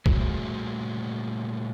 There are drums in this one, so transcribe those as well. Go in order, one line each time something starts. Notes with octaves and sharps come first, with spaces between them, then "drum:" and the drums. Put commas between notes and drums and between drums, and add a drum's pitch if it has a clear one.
A#2 G3 A3 F#4 G#4 C5, drum: kick